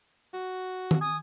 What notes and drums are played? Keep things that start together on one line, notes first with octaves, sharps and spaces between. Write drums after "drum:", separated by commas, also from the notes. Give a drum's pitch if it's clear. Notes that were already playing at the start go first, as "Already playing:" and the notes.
F#4
drum: tom
G#5 D#6